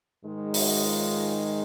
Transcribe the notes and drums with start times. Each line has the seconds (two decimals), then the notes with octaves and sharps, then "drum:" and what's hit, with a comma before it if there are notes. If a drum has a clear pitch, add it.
0.23 G#2 D#3 G#3
0.54 F#4, drum: open hi-hat
0.85 F4